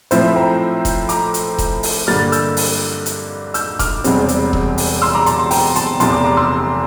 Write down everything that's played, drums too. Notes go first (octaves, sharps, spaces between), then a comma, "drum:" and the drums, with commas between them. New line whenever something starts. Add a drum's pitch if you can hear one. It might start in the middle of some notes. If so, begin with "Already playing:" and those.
A2 F3 C4 E4 C5 E5, drum: hi-hat
C5 E5
G5 A#5
drum: kick E1, hi-hat
A#5 D6, drum: hi-hat
drum: hi-hat
drum: kick E1, hi-hat
drum: open hi-hat
G2 D3 G3 A#3 F6 A6
E6 G6, drum: hi-hat
drum: open hi-hat
drum: hi-hat
E6 G6, drum: hi-hat
D6 F6, drum: kick E1, hi-hat
E1 E2 C3 G3 C4, drum: hi-hat
drum: hi-hat
drum: kick E1
drum: open hi-hat
C6 E6
A#5 D6
A5 C6, drum: hi-hat
A5 C6
G5 A#5, drum: open hi-hat
A5 C6, drum: hi-hat
F1 E2 C3 A5 C6, drum: hi-hat
A#5 D6
A#5 D6
C6 E6